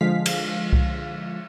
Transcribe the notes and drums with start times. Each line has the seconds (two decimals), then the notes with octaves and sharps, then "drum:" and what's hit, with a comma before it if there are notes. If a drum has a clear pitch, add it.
0.01 D3 F3 G#3 F5 B6
0.26 drum: cymbal
0.73 drum: kick C2